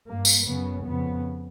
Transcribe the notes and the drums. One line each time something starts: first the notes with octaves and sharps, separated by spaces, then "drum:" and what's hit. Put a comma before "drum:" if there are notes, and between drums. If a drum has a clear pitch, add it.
G2 A#3
drum: tambourine
F#2 C#3 B3
F2 C#3 B3